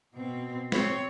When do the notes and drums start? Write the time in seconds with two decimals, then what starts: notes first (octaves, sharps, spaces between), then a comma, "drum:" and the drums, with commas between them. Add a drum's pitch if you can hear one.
0.14 B2 C4
0.72 C4 C#5, drum: snare